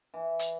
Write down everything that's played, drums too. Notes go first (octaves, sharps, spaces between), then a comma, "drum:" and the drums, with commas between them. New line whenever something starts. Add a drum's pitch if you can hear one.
E3
drum: hi-hat